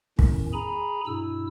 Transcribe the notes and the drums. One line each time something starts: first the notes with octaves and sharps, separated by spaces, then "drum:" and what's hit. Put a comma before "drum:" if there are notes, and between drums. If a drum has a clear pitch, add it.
E2 A2 D#3 C#4, drum: kick
G#4 G#5 A#5 B5
G2 B2 E4 E6